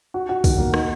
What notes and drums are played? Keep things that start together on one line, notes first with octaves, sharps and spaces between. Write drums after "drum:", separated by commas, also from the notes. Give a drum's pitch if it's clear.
F#4
F#4
D#3, drum: kick, open hi-hat
A#3
D#4, drum: rim click